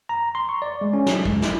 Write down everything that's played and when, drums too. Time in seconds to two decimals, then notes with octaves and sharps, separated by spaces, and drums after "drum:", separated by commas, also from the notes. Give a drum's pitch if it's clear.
0.09 A#5
0.35 C6
0.49 C#6
0.62 D5
0.81 G#3
0.93 C#4
1.06 F#3, drum: snare
1.25 G#3, drum: kick
1.42 E4, drum: snare